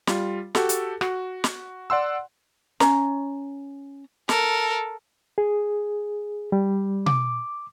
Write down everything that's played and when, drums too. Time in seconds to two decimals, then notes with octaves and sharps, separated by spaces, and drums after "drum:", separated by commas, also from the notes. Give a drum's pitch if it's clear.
0.07 G3 F4, drum: snare
0.55 F#4 G4 A4, drum: snare
0.69 drum: hi-hat
1.01 F#4, drum: rim click
1.44 drum: snare
1.90 D5 F#5 C6 E6
2.80 C#4 C#5 A#5, drum: snare
4.29 A4 A#4, drum: snare
5.38 G#4
6.52 G3
7.06 D6, drum: tom B2